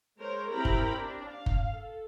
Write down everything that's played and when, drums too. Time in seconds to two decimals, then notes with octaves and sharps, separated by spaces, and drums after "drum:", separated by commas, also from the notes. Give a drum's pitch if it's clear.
0.19 G#3 A#4 C5 C#5
0.51 C4 E4 G4 A#4 A#5 B5
0.65 drum: kick F#1
0.96 D4
1.26 F5
1.46 drum: kick F#1
1.72 A4